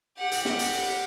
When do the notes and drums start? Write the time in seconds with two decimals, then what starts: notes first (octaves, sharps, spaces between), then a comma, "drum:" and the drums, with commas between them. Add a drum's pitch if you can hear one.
0.18 G4 F#5
0.31 drum: hi-hat
0.45 drum: snare
0.59 drum: hi-hat
0.73 drum: open hi-hat